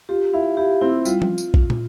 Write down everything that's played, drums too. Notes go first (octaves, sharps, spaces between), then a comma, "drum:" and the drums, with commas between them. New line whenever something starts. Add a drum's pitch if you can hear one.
F4 G4
E4 F5
E4 G4
C4 E4
G3 F4, drum: tambourine
drum: tom F3
drum: tambourine
drum: kick
drum: tom